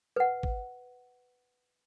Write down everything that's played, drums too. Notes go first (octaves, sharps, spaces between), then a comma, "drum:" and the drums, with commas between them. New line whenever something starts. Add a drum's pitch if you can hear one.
B4 F#5
drum: kick